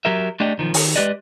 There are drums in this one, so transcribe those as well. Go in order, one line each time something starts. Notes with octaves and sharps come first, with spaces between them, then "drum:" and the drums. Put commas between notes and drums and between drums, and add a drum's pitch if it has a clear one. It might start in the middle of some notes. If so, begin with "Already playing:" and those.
F#3 G4 A#4 E5
A3 D4 G4 D5 D#5 G5
B1 D#3 F3
D#3, drum: open hi-hat
G#3 A3 G4 B4 D5 D#5